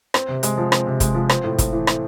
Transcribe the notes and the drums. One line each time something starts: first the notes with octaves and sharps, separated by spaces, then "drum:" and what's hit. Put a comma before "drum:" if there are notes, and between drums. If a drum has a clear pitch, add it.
C4, drum: rim click
C3
G#3, drum: hi-hat
F3
C4, drum: rim click
C3
G#3, drum: kick, hi-hat
F3
C4, drum: rim click
A2
A3, drum: kick, hi-hat
E3
C4, drum: rim click